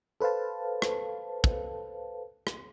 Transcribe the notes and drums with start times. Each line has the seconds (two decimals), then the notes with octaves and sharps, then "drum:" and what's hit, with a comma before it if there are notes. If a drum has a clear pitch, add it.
0.21 A4 B4 C5 F5 A5
0.82 drum: rim click
1.44 drum: kick
2.47 drum: rim click